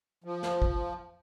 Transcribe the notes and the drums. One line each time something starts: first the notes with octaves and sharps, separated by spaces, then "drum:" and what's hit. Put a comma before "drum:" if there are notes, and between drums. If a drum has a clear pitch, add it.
F3
drum: snare
drum: kick